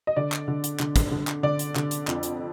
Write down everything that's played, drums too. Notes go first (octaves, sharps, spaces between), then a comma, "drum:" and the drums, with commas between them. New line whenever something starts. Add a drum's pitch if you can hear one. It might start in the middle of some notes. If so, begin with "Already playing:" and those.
D#5
D3 D5
drum: clap
D3
drum: hi-hat
D3, drum: clap
drum: kick, hi-hat
D3
drum: clap
D3 D5
drum: hi-hat
D3, drum: clap
drum: hi-hat
F2, drum: clap
drum: hi-hat